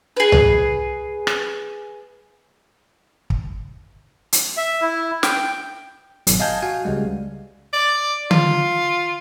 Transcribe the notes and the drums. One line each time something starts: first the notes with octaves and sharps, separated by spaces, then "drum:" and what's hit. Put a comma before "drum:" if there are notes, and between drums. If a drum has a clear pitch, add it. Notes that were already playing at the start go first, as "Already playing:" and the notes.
G#4 B4
drum: tom C2
drum: rim click
drum: kick
drum: hi-hat
E5
E4
G5, drum: snare
G5
G#1 B2 F#3, drum: hi-hat
D#5 F5 G#5 A5 G6 G#6
F#4 F5 F#5 G#5
C#2 C#3 G3 G#3
D5
F4, drum: tom D3